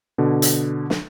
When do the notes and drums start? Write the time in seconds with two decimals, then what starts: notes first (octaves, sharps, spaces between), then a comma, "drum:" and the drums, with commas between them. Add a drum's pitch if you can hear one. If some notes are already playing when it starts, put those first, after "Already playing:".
0.18 B2 D3
0.42 drum: hi-hat
0.90 drum: snare